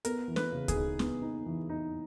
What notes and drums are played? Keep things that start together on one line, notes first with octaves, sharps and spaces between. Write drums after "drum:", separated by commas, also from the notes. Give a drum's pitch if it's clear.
B3 A#4, drum: hi-hat
E3
B4, drum: snare
C#3
G#4, drum: kick D2, hi-hat
D#4
B3, drum: snare
D#4
E3
D#4